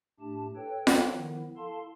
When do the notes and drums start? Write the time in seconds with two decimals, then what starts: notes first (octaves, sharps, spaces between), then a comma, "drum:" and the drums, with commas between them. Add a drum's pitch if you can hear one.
0.20 A2 A3 D4 G4 A5
0.56 A4 B4 C#5 G5
0.87 drum: snare F4
1.13 D#3 F3 B3 E4
1.57 E4 A4 F5 A5 C6